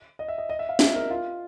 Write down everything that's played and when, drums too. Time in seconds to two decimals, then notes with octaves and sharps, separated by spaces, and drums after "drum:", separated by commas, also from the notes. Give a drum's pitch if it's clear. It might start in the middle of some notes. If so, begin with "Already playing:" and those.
0.19 D#5
0.28 E5
0.38 D#5
0.49 D#5
0.59 E5
0.69 F5
0.79 E5, drum: snare
0.95 A#4
1.10 F4